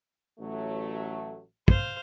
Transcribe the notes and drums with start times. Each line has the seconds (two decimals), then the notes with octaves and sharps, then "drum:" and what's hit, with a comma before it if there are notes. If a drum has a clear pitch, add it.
0.39 A1 F#3 A3
1.68 C5 F5, drum: kick